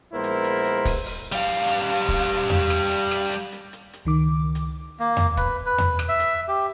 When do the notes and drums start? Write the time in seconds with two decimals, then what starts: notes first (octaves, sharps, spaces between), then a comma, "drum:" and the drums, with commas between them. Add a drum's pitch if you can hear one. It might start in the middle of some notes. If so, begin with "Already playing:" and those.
0.13 A#1 G#3 B3 E4 A#4 C5
0.24 drum: hi-hat
0.44 drum: hi-hat
0.65 drum: hi-hat
0.85 drum: kick, open hi-hat
1.06 drum: open hi-hat
1.32 G3 F5
1.67 drum: hi-hat
2.09 drum: kick, hi-hat
2.29 drum: hi-hat
2.50 drum: tom E2
2.70 drum: rim click
2.91 drum: hi-hat
3.11 drum: rim click
3.32 drum: hi-hat
3.52 drum: hi-hat
3.73 drum: hi-hat
3.93 drum: hi-hat
4.05 C#2 D#3 D6
4.55 drum: hi-hat
4.99 A#3
5.17 drum: tom E2
5.37 B4, drum: kick, hi-hat
5.66 B4
5.78 drum: tom E2
5.99 drum: rim click
6.09 E5
6.19 drum: hi-hat
6.48 G4